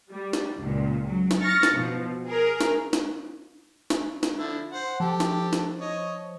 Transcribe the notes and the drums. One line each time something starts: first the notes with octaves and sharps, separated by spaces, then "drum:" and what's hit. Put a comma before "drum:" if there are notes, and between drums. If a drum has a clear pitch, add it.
G3
drum: snare
C#2 A#2
F#3
drum: snare
C#6 F6 A6 A#6 C#7
drum: snare
B2 F3
G#4 A#4
drum: snare
drum: snare
drum: snare
drum: snare
D3 F3 E4
C5 F#5
F3 G4 A4
drum: snare
drum: snare
C#5 D#5